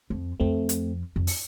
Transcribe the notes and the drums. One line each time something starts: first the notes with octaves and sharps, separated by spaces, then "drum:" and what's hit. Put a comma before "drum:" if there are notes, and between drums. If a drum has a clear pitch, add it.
F2
F2 A3 C4
drum: hi-hat
F2
drum: open hi-hat